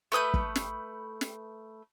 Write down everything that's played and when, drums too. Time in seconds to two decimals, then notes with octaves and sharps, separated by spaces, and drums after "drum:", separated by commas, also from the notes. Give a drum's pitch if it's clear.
0.12 A3 B4 D#6 G6
0.34 drum: kick
0.56 drum: snare
1.21 drum: snare